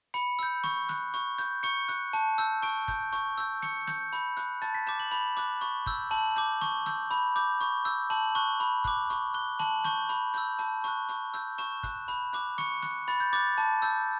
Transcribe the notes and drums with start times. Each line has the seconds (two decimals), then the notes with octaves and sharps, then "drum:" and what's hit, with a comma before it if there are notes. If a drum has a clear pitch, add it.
0.14 B5 C#7, drum: hi-hat
0.39 E6 G6, drum: hi-hat
0.64 C#6, drum: snare
0.89 F#6, drum: snare
1.14 C#6, drum: hi-hat
1.38 G6, drum: hi-hat
1.63 C#6 C#7, drum: hi-hat
1.89 F#6, drum: hi-hat
2.13 A5, drum: hi-hat
2.38 E6 G6, drum: hi-hat
2.62 C#6 D7, drum: hi-hat
2.88 G6, drum: kick, hi-hat
3.13 C#6, drum: hi-hat
3.38 E6 G6, drum: hi-hat
3.62 C#6 C#7, drum: snare
3.87 G6, drum: snare
4.13 B5, drum: hi-hat
4.37 F#6, drum: hi-hat
4.62 A5 A6, drum: hi-hat
4.75 B6
4.87 D6 G6 E7, drum: hi-hat
5.00 F#7
5.11 B5, drum: hi-hat
5.37 D6 F#6, drum: hi-hat
5.61 C#6, drum: hi-hat
5.86 E6 G6, drum: kick, hi-hat
6.11 A5 F#7, drum: hi-hat
6.36 D6 G6, drum: hi-hat
6.61 C#6, drum: snare
6.86 E6 G6, drum: snare
7.11 B5, drum: hi-hat
7.36 D6 G6, drum: hi-hat
7.61 C#6, drum: hi-hat
7.85 E6 G6, drum: hi-hat
8.10 A5 F#7, drum: hi-hat
8.35 C#6 F#6, drum: hi-hat
8.60 B5, drum: hi-hat
8.85 D6 F#6, drum: kick, hi-hat
9.10 C#6, drum: hi-hat
9.34 F#6 G7
9.59 A5 F#7, drum: snare
9.84 C#6 G6, drum: snare
10.09 B5, drum: hi-hat
10.34 E6 G6, drum: hi-hat
10.59 A5, drum: hi-hat
10.84 C#6 F#6, drum: hi-hat
11.09 C#6, drum: hi-hat
11.34 E6 G6, drum: hi-hat
11.58 C#6 E7, drum: hi-hat
11.83 F#6, drum: kick, hi-hat
12.08 B5, drum: hi-hat
12.33 D6 F#6, drum: hi-hat
12.58 C#6 C#7, drum: snare
12.83 F#6, drum: snare
13.08 B5 A6, drum: hi-hat
13.20 G6
13.33 D6 F#6 A6, drum: hi-hat
13.58 A5, drum: hi-hat
13.82 E6 G6, drum: hi-hat